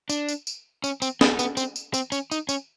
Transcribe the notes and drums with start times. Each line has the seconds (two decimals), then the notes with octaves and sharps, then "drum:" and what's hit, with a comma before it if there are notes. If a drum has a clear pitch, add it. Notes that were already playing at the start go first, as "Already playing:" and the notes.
0.09 D4, drum: tambourine
0.28 drum: tambourine
0.47 drum: tambourine
0.84 C#4, drum: tambourine
1.02 C4, drum: tambourine
1.21 B3, drum: snare
1.39 B3, drum: tambourine
1.57 C4, drum: tambourine
1.76 drum: tambourine
1.94 C4, drum: tambourine
2.12 C#4, drum: tambourine
2.32 D#4, drum: tambourine
2.49 C#4, drum: tambourine